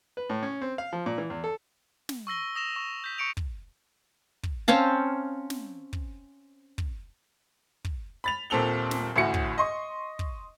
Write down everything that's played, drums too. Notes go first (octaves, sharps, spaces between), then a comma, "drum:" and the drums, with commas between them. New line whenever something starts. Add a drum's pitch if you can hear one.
B4
A2
C#4
C4
F5
F3
A#2
E3
E2
A4
drum: snare
C#6 E6 A#6 G7
D#6 A#6 E7 F7
C#6
G6 B6
C#6 C#7 D7 F7
drum: kick
drum: kick
C4 C#4 F5 A5
drum: snare
drum: kick
drum: kick
drum: kick
B5 A6 F7
D#1 A#2 C4 A4 F7 G7
drum: snare
A1 D2 A2 F#4 C#7
drum: kick
D#5 C6 C#6
drum: kick